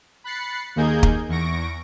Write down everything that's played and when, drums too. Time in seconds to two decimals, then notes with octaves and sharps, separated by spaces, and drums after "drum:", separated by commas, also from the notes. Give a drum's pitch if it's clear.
0.24 B5 F#6 A6 C7 C#7
0.76 D#2 A#3 D#4 G#4 G6 G#6
1.03 drum: kick
1.28 E2 C#6 A#6 D7